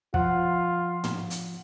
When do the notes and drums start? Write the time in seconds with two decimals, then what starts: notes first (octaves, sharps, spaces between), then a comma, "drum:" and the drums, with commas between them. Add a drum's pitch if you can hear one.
0.14 F3 F4 F#5, drum: kick
1.04 drum: tom
1.30 drum: hi-hat